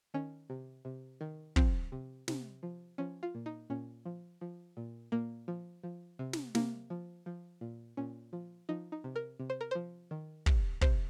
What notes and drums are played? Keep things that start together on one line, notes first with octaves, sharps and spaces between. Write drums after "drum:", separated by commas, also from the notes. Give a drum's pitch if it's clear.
D#3 C#4
C3
C3
D#3
F3 C4, drum: kick
C3
C3, drum: snare
F3
F3 C#4
F4
A#2
D#4
A#2 C#4
F3
F3
A#2
A#2 A#3
F3
F3
C3
drum: snare
C3 A#3, drum: snare
F3
F3
A#2
A#2 C#4
F3
F3 D#4
D#4
C3
A#4
C3
C5
A#4
F3 C5
D#3
C3, drum: kick
C3 C5, drum: kick